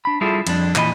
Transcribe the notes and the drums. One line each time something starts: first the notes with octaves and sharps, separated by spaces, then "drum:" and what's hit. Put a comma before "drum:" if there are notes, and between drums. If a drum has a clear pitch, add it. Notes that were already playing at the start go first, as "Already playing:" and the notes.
D4 B5
G3 E4 F4 G#4 A4
F2 D4, drum: cymbal
A#2 E3 D#5 B5, drum: clap